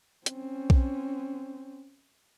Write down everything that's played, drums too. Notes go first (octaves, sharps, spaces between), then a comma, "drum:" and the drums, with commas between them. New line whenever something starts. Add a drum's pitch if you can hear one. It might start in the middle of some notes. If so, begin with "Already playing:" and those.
C4 C#4, drum: hi-hat
drum: kick B1